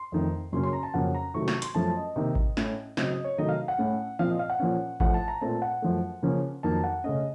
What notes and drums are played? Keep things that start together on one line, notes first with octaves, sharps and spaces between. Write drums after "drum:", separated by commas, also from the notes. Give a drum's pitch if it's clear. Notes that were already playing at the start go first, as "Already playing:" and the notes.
Already playing: C6
F2 D#3 A3 C4
F#2 C#3 F#3 A#3 C#4 C6
C6
A#5
A5
F2 C#3 F#3 A#3 C#4 F#5
A#5
C3 D#3 F#3 A3 C#6
C#6, drum: snare
C6, drum: hi-hat
F#2 F3 A3 C#4 A5
D#5
C3 D#3 A#3
drum: kick G#1
A2 A3 C#4, drum: snare
C#3 F#3 C4 D#5, drum: snare
D#5
C#5
C3 D#3 F#3 A3 D#5
F5
F#5
A2 A3 C#4
A#2 F3 C4 F5
D#5
F5
F#5
A#2 F3 A#3 C#4
A2 F3 A3 F#5, drum: kick G#1
A5
A#5
A#2 A3 C4 A5
F#5
F#2 F3 A3
C#3 F3 A#3 C#4
F2 D#3 F#3 A#3 A5
F#5
C#3 A3 C#4 D#5